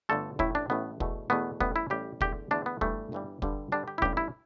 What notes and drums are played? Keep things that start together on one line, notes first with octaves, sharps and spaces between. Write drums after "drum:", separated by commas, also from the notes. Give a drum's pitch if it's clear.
G1 G2 D3 A3 A4
A1 A2 A3 E4, drum: kick
D4
A1 A2 A3 B3
E2 B2 A3, drum: kick
E2 B2 A3 B3
A1 A2 G3 B3, drum: kick
E4
A1 A2 G3 G4
E2 D3 A3 G4, drum: kick
E2 D3 A3 D4
B3
G1 G2 E3 G3 A3, drum: kick
G1 G2 E3 G3
G2 D3 G3, drum: kick
G2 D3 G3 D4
G4
E4
A1 G2 G3 G4, drum: kick
E4